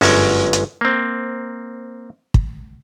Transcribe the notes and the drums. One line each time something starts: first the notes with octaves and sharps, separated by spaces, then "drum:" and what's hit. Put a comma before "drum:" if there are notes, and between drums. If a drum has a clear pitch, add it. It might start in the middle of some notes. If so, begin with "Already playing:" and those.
G1 F#2 G#3 C#4 F#4, drum: open hi-hat
drum: hi-hat
A#3 C4
drum: kick